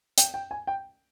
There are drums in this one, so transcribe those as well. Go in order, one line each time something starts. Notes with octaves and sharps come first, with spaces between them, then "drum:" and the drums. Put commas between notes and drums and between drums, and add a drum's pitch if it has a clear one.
G5, drum: hi-hat
G5
G#5
G5